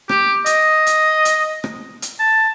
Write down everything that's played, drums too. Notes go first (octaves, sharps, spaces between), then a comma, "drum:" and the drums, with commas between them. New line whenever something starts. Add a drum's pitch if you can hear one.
G4, drum: rim click
D#5, drum: hi-hat
drum: hi-hat
drum: hi-hat
drum: rim click
drum: hi-hat
A5